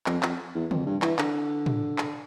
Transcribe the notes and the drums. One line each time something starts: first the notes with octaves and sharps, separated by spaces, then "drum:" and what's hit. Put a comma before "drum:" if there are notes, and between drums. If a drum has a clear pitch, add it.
F2, drum: clap
F2, drum: clap
E2
F2, drum: tom
G2
E3, drum: clap
D3, drum: clap
drum: tom
drum: clap